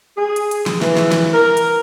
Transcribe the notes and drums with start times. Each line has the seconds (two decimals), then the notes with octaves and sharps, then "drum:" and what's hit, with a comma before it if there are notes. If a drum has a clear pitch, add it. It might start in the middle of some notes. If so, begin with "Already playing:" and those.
0.17 G#4
0.36 drum: hi-hat
0.51 drum: hi-hat
0.66 drum: snare
0.81 E3, drum: snare
0.97 drum: snare
1.12 drum: snare
1.34 A#4
1.57 drum: hi-hat